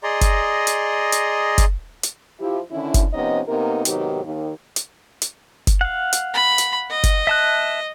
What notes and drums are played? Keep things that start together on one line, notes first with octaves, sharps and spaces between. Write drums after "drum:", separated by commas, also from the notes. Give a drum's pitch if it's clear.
G#4 D5 D#5 A#5 C6
drum: kick F#1, hi-hat
drum: hi-hat
drum: hi-hat
drum: kick F#1, hi-hat
drum: hi-hat
F3 E4 G4
D3 D#3 C#4 E4
drum: kick F#1, hi-hat
C3 F3 B3 C#4 D#4 D#5
C3 A#3 B3 D#4 A#4
G#2 C3 D#3 F#3 B3 G4, drum: hi-hat
D#2
drum: hi-hat
drum: hi-hat
drum: kick F#1, hi-hat
F5 F#5
drum: hi-hat
B5
drum: hi-hat
D#5
drum: kick F#1, hi-hat
E5 A5 F#6